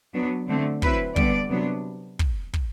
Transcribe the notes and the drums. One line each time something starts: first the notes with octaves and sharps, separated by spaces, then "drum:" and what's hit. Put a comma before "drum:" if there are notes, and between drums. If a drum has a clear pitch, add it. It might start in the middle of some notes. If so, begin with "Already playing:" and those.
F#3 B3 D4
D3 A3 C4
F#3 C4 E4 B4, drum: kick
D3 G3 B3 D4 D5, drum: kick
C3 F#3 B3 D4
drum: kick
drum: kick